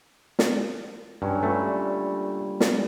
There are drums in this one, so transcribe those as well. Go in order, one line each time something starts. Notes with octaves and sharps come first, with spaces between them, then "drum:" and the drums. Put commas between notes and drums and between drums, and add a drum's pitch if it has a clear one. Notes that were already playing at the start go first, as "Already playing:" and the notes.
drum: snare
G2 F#3 C#4
A#2 D3 G3 A3
drum: snare